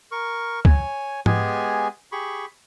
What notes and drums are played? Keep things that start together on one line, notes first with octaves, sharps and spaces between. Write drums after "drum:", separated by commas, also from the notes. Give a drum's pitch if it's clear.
A#4 C#6
C#5 G#5, drum: kick
G#3 B3 G4 G#4 G#5, drum: tom G#2
G4 G#4 B5 C#6